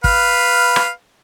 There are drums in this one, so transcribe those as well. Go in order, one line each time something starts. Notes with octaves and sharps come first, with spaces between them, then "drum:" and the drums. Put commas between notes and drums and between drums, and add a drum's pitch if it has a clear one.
B4 F5, drum: kick
drum: rim click